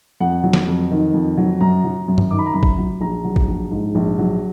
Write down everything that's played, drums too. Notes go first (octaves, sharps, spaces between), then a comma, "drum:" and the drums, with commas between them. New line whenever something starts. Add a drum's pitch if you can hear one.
F2 F#5
F#3
drum: snare
F2
D#3
F2
F#3
F#2 A#5
F#3
F#2
drum: tom G2
D#3 D6
B5
A#5
F#2 B5
drum: kick
F#3
A#1 A#5
F#3
drum: kick
A#1
G#2
A#1
F#3